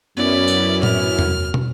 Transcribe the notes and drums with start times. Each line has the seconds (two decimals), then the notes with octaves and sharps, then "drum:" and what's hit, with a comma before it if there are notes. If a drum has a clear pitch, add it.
0.17 F#2 B3 C#4 E4 D5
0.48 drum: tambourine
0.83 F6, drum: tom A2
1.19 drum: tom E2
1.54 drum: tom